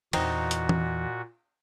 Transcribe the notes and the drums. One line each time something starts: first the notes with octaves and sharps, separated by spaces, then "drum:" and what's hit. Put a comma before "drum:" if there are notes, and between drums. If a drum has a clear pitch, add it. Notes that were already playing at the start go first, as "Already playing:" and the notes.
E2 A#2 E3 C4 D#4 F#4, drum: cymbal
drum: hi-hat
drum: tom E3